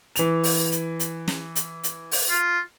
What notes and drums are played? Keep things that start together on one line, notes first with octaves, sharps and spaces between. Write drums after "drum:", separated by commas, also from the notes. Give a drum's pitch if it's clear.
E3 F7, drum: hi-hat
drum: open hi-hat
drum: hi-hat
drum: hi-hat
drum: snare
drum: hi-hat
drum: hi-hat
drum: open hi-hat
F4